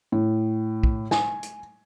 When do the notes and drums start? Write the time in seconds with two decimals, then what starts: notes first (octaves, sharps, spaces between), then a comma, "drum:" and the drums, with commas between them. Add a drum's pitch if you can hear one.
0.12 A2
0.83 drum: kick
1.11 G#5, drum: snare
1.43 drum: hi-hat